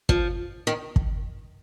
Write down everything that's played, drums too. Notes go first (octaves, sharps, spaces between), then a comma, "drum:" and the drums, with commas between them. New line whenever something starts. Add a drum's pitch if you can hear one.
F3, drum: kick
D#3
drum: kick